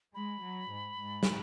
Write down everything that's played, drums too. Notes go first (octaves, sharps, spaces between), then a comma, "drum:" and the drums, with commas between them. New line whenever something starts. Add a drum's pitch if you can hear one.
G#3 B5
F#3
G#2
G#2
drum: snare